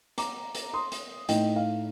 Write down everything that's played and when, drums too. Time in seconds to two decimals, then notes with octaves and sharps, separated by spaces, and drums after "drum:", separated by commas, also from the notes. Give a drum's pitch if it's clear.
0.18 A#5 D6, drum: hi-hat
0.55 drum: hi-hat
0.74 C6 D#6
0.92 drum: hi-hat
1.29 A2 A3 D#4 D#5 G5, drum: hi-hat
1.56 F5